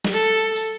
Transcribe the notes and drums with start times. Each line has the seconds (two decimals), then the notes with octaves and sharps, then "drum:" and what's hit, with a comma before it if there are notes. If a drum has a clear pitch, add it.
0.05 drum: snare
0.14 A4
0.56 drum: open hi-hat